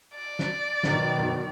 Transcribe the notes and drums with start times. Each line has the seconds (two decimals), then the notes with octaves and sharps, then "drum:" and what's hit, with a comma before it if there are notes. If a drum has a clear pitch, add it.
0.15 D5
0.39 drum: snare
0.83 B2 D#3 F#3, drum: snare
1.19 drum: tom F#2